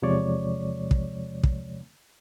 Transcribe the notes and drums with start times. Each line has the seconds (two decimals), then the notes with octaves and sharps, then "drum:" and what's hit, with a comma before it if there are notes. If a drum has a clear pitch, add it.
0.02 E2 C3 F3 G#3 C#5 D5
0.91 drum: kick
1.43 drum: kick